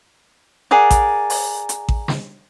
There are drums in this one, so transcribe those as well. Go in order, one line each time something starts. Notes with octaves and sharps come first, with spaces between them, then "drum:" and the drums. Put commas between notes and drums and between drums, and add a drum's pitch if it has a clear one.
G#4 A#4 D5 F#5
drum: kick A1, hi-hat
drum: open hi-hat
drum: hi-hat
drum: kick A1
drum: snare